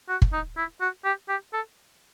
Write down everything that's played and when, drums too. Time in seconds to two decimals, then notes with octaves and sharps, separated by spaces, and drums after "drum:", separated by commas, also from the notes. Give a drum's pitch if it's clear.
0.09 F#4
0.22 drum: kick
0.33 D#4
0.57 E4
0.81 F#4
1.05 G4
1.29 G4
1.53 A4